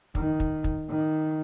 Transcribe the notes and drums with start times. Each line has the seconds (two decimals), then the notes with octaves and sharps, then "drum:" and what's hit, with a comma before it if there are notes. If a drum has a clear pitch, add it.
0.15 D#3, drum: kick
0.40 drum: kick
0.64 drum: kick
0.89 D#3